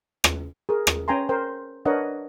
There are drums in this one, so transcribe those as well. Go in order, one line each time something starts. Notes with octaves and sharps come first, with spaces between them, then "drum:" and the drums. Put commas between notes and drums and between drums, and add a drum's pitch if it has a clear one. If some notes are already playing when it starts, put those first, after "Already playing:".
drum: rim click
G#4 A#4
drum: rim click
C#4 B4 G5 G#5 A#5 C6
A#4 C5 G5
D4 A#4 B4 C#5 D#5 F#5